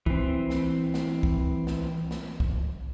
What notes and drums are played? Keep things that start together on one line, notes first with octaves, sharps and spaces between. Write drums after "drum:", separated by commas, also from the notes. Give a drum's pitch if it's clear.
E3 C4, drum: kick C2
drum: snare
drum: snare
drum: kick C2
drum: snare
drum: snare
drum: kick C2